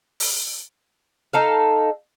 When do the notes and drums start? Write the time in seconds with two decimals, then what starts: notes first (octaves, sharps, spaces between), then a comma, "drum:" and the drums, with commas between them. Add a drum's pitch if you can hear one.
0.20 drum: open hi-hat
1.33 D#4 A4 F5